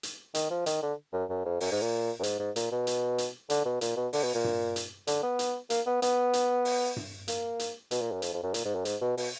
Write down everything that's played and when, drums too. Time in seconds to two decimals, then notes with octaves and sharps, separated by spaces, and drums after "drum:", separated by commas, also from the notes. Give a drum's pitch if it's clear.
0.03 drum: hi-hat
0.35 D#3, drum: hi-hat
0.50 F3
0.66 D#3, drum: hi-hat
0.82 D3
1.13 F#2
1.29 F#2
1.45 F2
1.60 F#2, drum: open hi-hat
1.71 G#2
1.82 A#2
2.19 F#2
2.23 G#2, drum: hi-hat
2.40 G#2
2.56 A#2, drum: hi-hat
2.72 B2
2.87 drum: hi-hat
3.18 drum: hi-hat
3.50 D3, drum: hi-hat
3.65 B2
3.81 A#2, drum: hi-hat
3.97 B2
4.13 D3, drum: open hi-hat
4.23 B2
4.34 A#2
4.44 drum: tom G2
4.76 drum: hi-hat
5.07 D3, drum: hi-hat
5.23 B3
5.39 drum: hi-hat
5.70 A#3, drum: hi-hat
5.87 B3
6.02 B3, drum: hi-hat
6.33 drum: hi-hat
6.65 drum: open hi-hat
6.96 drum: tom G2
7.28 A#3, drum: hi-hat
7.59 drum: hi-hat
7.91 B2, drum: hi-hat
8.01 A#2
8.12 F#2
8.22 F2, drum: hi-hat
8.33 F2
8.43 F#2
8.54 A#2, drum: hi-hat
8.65 G#2
8.75 F#2
8.85 G#2, drum: hi-hat
9.01 B2
9.17 B2, drum: open hi-hat